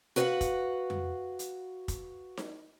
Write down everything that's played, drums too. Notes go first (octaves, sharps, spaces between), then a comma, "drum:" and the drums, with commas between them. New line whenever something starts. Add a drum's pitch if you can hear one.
F#4 B4 D5 D#5 F5 F#5
drum: kick, hi-hat
drum: tom F2
drum: hi-hat
drum: kick, hi-hat
drum: snare D#4